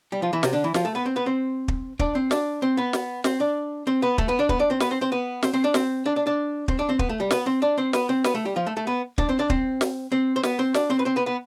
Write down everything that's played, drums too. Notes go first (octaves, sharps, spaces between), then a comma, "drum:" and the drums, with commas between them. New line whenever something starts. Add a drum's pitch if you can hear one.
G3 G4
F3 F4
E3 E4
C3 C4, drum: snare
D3 D4
E3 E4
F3 F4, drum: snare
A3 A4
B3 B4
C4 C5
B3 B4
C4 C5
drum: kick
D4 D5, drum: kick
C4 C5
D4 D5, drum: snare
C4 C5
B3 B4
drum: snare
C4 C5, drum: snare
D4 D5
C4 C5
B3 B4
A3 A4, drum: kick
B3 B4
D4 D5
B3 B4, drum: kick
D4 D5
C4 C5
B3 B4, drum: snare
C4 C5
C4 C5
B3 B4
C4 C5, drum: snare
C4 C5
D4 D5
C4 C5, drum: snare
D4 D5
D4 D5
D4 D5
C4 C5, drum: kick
D4 D5
C4 C5
B3 B4, drum: kick
A3 A4
G3 G4
B3 B4, drum: snare
C4 C5
D4 D5
C4 C5
B3 B4, drum: snare
C4 C5
B3 B4, drum: snare
A3 A4
G3 G4
F3 F4
A3 A4
A3 A4
B3 B4
D4 D5, drum: kick
C4 C5
D4 D5
C4 C5, drum: kick
drum: snare
C4 C5
C5
B3 B4, drum: snare
C4 C5
D4 D5, drum: snare
C4 C5
B4
C4 C5
B3 B4
B3 B4